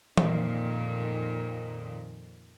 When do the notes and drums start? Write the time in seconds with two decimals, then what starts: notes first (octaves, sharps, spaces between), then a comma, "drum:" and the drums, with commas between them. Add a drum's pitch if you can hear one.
0.17 F2 A#2 D#3, drum: tom E3